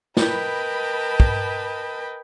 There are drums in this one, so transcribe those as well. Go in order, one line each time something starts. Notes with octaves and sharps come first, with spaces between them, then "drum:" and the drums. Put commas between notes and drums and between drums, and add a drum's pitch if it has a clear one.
A#4 B4 D#5 G5 A5 B5, drum: snare
drum: kick